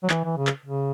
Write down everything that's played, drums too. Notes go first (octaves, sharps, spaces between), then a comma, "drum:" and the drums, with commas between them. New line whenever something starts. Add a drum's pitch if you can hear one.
F#3
E3, drum: clap
E3
C#3
drum: clap
C#3